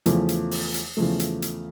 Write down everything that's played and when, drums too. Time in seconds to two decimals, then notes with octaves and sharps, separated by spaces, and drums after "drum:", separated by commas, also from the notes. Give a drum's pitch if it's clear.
0.06 E2 C#3 F3 A3, drum: hi-hat
0.29 drum: hi-hat
0.51 drum: open hi-hat
0.74 drum: hi-hat
0.97 E2 C#3 F3 A3
1.19 drum: hi-hat
1.42 drum: hi-hat